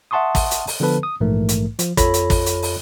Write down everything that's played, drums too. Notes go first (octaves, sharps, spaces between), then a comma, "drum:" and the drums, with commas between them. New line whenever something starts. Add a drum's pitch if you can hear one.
E5 F#5 A5 C6 C#6 D#6
drum: kick, open hi-hat
drum: hi-hat
drum: open hi-hat
D3 F3 B3 A4 B4 A5
D#6
A#1 G#2 E3 A3 A#4
drum: hi-hat
F3, drum: hi-hat
F2 F4 A4 C#5 B5 A#6, drum: kick, hi-hat
drum: hi-hat
drum: kick, open hi-hat
drum: hi-hat
drum: open hi-hat